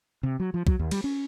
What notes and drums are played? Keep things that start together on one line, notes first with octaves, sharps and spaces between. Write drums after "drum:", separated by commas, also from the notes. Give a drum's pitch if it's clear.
C3
F#3
F3
F#3, drum: kick B1
D#2
G3, drum: cymbal
C#4